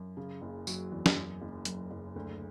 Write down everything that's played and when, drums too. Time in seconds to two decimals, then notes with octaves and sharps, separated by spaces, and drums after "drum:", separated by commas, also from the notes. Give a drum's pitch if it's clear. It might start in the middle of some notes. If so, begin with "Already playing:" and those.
Already playing: F#2
0.17 C#3
0.42 F#1
0.67 F#3, drum: tambourine
0.92 E2
1.06 drum: snare
1.16 F#2
1.42 F#1
1.65 F#2, drum: hi-hat
1.91 F#1
2.16 D2